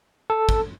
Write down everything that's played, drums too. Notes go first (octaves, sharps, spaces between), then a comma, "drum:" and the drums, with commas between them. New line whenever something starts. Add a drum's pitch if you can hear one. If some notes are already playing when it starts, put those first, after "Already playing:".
A4
drum: kick